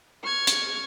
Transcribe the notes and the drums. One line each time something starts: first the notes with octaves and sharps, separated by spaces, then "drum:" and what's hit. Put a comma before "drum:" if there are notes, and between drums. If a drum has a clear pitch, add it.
C#6 F6 G#6
drum: hi-hat